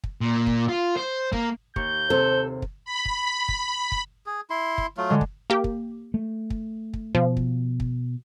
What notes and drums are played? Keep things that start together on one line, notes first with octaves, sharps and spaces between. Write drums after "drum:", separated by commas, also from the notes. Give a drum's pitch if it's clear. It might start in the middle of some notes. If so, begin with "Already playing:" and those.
drum: kick
A#2
drum: kick
F4
C5
A#3, drum: kick
D#2 C#6 G6, drum: kick
C3 A4 C5
drum: kick
B5
drum: kick
drum: kick
drum: kick
G#4
E4 C6
drum: kick
F#3 A3 F4
D3 G#3
drum: kick
A#3 G4
drum: kick
A3
drum: kick
drum: kick
B2 F3
drum: kick
drum: kick